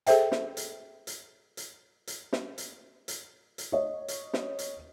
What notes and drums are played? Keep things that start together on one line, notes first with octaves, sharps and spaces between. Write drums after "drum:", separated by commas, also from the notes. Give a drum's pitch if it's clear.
G#4 A4 C5 E5 G5, drum: hi-hat
drum: snare
drum: hi-hat
drum: hi-hat
drum: hi-hat
drum: hi-hat
drum: snare
drum: hi-hat
drum: hi-hat
drum: hi-hat
C#5 D#5
drum: hi-hat
drum: snare
drum: hi-hat